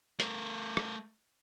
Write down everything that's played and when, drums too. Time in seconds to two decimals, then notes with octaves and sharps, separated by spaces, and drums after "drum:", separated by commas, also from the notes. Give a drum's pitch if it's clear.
0.20 A3 A#4, drum: hi-hat
0.77 drum: rim click